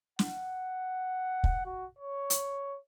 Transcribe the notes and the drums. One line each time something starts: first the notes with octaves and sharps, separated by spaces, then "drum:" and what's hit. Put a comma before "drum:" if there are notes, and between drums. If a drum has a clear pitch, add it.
F#5, drum: snare
drum: kick
F#4
C#5
drum: hi-hat